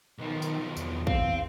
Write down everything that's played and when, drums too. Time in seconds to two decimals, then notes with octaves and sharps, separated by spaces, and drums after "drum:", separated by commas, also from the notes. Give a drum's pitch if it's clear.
0.18 B1 D#3 F3
0.42 drum: tambourine
0.77 E2, drum: tambourine
1.07 C4 F5, drum: kick